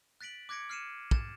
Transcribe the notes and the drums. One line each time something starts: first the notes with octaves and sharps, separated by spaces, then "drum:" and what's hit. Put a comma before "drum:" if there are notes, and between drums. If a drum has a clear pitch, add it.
F#6 A6 B6 D7 F#7
D6 F#6 G#6 A#6 C#7 D7
F6 F#6 C7 C#7 D#7 E7
G6 A6 E7, drum: kick